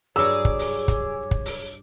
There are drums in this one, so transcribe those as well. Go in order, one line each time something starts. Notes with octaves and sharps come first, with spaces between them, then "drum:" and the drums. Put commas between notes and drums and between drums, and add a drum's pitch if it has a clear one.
G2 F#3 G#4 C#5 D6 E6
drum: kick
drum: open hi-hat
drum: kick, hi-hat
drum: kick
drum: open hi-hat